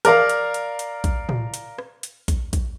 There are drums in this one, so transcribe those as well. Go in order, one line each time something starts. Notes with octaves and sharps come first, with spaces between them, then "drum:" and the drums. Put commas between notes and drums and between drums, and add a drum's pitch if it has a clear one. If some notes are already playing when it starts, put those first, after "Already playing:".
A#4 D5 F5 A#5, drum: hi-hat
drum: hi-hat
drum: hi-hat
drum: hi-hat
drum: kick A#1, hi-hat
drum: tom A2
drum: hi-hat
drum: rim click
drum: hi-hat
drum: kick A#1, hi-hat
drum: kick A#1, hi-hat